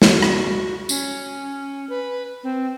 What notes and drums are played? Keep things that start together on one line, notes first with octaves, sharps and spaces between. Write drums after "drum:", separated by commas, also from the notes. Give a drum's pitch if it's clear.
F#4, drum: snare
drum: rim click
C#4, drum: tambourine
B4
C4